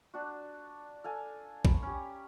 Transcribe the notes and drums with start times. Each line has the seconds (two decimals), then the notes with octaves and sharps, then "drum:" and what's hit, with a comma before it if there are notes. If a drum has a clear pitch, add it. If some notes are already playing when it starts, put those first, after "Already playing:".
0.14 D4 F#4
1.04 A4 F5 G#5
1.65 A#5 B5 C#6, drum: kick A#1
1.83 C#4 G4